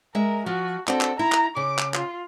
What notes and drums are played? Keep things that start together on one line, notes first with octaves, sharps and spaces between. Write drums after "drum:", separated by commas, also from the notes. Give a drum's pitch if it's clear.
G#3 A#4 E5
F3 F4 F#4
C4 D4 F#4 A4, drum: clap
drum: clap
E4 A#5
drum: clap
C#3 D6
drum: clap
F4, drum: clap